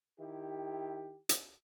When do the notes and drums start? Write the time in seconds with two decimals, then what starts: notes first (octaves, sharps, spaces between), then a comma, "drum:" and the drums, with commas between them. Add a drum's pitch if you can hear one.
0.19 D#3 E4 G4
1.29 drum: hi-hat